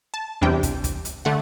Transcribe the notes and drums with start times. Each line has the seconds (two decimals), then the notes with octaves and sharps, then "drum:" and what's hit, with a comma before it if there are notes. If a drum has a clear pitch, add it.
0.14 A5
0.42 E2 C3 G3 D4 G5
0.63 drum: kick, hi-hat
0.84 drum: kick, hi-hat
1.05 drum: hi-hat
1.25 D3 A3 F#5